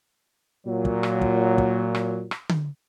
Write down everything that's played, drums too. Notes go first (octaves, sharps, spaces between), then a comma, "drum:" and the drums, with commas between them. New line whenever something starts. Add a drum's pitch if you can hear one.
A#2 F#3
drum: kick
drum: rim click
drum: kick
drum: kick
drum: rim click
drum: rim click
drum: tom D3